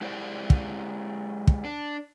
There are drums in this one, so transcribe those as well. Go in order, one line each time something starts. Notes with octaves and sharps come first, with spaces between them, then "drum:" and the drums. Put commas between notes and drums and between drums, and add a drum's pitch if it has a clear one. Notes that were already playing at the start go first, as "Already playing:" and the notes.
G#3 E4 G4 C5 D5
drum: kick
drum: kick
D4